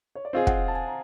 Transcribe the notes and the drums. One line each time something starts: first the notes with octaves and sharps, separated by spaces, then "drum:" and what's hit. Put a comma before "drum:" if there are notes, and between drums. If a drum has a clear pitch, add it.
C#5
D5
C4 F4 G#4 D#5
F#5, drum: kick
A5
G#5
A#5